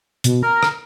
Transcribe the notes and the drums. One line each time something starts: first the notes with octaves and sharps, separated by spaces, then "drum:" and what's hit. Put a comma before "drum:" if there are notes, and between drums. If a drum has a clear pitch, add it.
B2, drum: hi-hat
A#4 A#5
drum: rim click